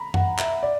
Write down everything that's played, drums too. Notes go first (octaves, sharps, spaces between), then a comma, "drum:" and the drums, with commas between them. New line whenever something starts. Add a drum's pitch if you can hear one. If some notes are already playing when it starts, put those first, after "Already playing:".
Already playing: A#5 B5
F#5, drum: tom F#2
E5, drum: clap
D5